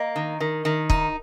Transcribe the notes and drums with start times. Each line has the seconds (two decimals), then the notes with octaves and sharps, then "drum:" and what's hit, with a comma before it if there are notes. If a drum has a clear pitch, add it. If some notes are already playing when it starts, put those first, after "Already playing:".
Already playing: A#3 D#5
0.16 D#3
0.40 D#3 A#4
0.65 D#3
0.90 D#4, drum: kick